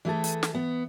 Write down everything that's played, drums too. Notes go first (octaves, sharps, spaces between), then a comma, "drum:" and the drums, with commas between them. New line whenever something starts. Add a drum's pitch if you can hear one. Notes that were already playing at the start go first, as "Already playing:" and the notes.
E3 A3 G#4 A4
drum: hi-hat
drum: snare
B3